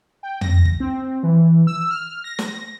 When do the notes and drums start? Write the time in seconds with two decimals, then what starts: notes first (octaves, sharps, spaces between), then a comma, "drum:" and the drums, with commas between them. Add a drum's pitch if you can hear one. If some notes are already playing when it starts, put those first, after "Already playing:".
0.23 G5
0.41 A#6, drum: tom
0.65 drum: kick
0.80 C4
1.23 E3
1.67 E6
1.91 F6
2.24 A#6
2.39 A#6, drum: snare